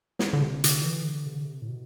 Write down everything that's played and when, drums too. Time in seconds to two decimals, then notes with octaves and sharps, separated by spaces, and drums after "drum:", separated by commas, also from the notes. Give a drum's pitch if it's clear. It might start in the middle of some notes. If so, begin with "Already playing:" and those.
0.19 drum: snare
0.33 D3
0.42 C3
0.64 D3, drum: hi-hat
0.84 E3
1.05 D3
1.26 C3
1.35 D3
1.45 C3
1.62 A2
1.68 B2